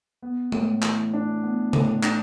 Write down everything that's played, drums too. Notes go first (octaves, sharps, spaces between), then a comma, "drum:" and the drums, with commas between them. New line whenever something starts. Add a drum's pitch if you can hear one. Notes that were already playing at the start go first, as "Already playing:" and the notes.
B3
A2, drum: tom G#3
E3, drum: clap
D4
B3
A2, drum: tom C#3
D4, drum: clap